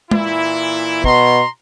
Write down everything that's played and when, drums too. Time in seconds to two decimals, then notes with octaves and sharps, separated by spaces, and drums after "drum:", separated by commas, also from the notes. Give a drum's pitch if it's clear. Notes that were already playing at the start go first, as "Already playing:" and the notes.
0.11 A#2 E3 E4, drum: tom
1.04 B2 A#5 C6, drum: kick